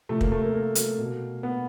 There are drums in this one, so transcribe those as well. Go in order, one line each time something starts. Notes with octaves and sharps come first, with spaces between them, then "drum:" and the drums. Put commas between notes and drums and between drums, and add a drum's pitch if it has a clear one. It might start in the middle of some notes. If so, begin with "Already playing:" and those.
C3 F3 A3
A#3, drum: kick
A3
A#3
A#3
drum: hi-hat
B2
B3